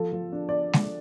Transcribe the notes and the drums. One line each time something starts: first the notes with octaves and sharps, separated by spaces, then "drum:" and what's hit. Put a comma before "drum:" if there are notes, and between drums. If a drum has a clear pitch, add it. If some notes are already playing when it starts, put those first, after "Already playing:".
Already playing: F3 A4
F3
D4
D5
drum: snare G#3